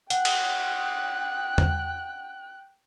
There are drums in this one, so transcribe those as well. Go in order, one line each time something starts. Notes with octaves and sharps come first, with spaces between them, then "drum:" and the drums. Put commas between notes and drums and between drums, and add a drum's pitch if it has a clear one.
F#5 G5 F#6, drum: hi-hat
drum: cymbal
drum: tom E2